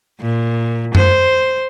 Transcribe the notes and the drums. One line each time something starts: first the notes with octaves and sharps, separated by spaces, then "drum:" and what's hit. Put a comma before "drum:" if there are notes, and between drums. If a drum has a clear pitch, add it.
A#2
C5, drum: tom F#2